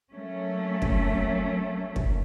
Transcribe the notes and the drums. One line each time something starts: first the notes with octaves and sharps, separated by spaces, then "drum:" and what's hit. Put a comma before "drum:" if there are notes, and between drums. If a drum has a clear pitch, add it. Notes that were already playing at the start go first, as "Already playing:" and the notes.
F#3 A3 A#3 C#4
drum: kick
drum: kick